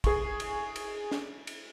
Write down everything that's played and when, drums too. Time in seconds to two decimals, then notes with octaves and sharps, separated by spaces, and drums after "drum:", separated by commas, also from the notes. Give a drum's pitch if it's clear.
0.04 G#4 C#6, drum: kick, cymbal
0.40 drum: cymbal
0.76 drum: cymbal
1.11 drum: snare D4
1.47 drum: cymbal